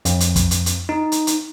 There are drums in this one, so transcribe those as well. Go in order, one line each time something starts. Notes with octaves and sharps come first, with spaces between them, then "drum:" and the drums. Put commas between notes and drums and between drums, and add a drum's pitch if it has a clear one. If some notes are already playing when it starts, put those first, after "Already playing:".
F2, drum: hi-hat
drum: hi-hat
drum: kick, hi-hat
drum: hi-hat
drum: hi-hat
D#4
drum: hi-hat
drum: hi-hat